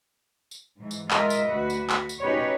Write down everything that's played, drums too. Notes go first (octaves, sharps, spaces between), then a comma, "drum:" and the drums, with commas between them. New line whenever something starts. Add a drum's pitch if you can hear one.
drum: tambourine
G#2 E3
drum: tambourine
G#3 F4 A#4 D#5 E5, drum: clap
drum: tambourine
D2 F#4 B4
drum: tambourine
drum: clap
drum: tambourine
C#4 D#4 F#4 G4 B4 C#5